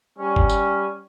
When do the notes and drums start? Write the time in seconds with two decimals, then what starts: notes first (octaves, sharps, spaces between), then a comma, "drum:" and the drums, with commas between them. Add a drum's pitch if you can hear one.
0.19 G3 C#4
0.36 drum: kick G1
0.49 drum: tambourine